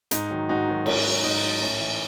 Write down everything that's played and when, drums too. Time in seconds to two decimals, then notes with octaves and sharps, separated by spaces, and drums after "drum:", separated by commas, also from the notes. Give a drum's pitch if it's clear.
0.11 G#2 D#4, drum: hi-hat
0.30 D#3 F#3
0.49 G#2 D#4 F#4
0.68 D#3 F#3
0.86 G#2 C#4, drum: cymbal
1.05 F#3
1.24 G#2 D#4
1.42 F#3
1.61 A2 C#4
1.81 E3